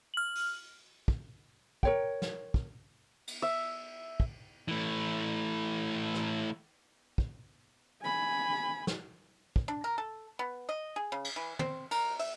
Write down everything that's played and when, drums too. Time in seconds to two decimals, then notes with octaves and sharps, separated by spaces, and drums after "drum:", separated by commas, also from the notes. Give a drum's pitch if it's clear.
0.14 F6 F#7
0.35 drum: open hi-hat
1.08 drum: kick
1.83 A#4 C#5 G5, drum: kick
2.22 drum: snare
2.54 drum: kick
3.28 drum: cymbal
3.42 E5
4.20 drum: kick
4.68 E3 A3
6.14 drum: rim click
7.18 drum: kick
8.03 G#5 B5
8.87 drum: snare
9.56 drum: kick
9.68 D4
9.84 A#4
9.98 A4
10.39 B3
10.69 D#5
10.96 G#4
11.12 C#3
11.25 drum: cymbal
11.36 E3
11.59 C4, drum: tom
11.91 A#4, drum: cymbal
12.19 E5, drum: open hi-hat